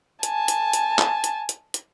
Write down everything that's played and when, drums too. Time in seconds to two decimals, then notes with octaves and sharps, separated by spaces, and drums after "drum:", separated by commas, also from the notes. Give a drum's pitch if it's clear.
0.23 G#5 A5, drum: hi-hat
0.48 drum: hi-hat
0.73 drum: hi-hat
0.99 drum: clap
1.24 drum: hi-hat
1.49 drum: hi-hat
1.74 drum: hi-hat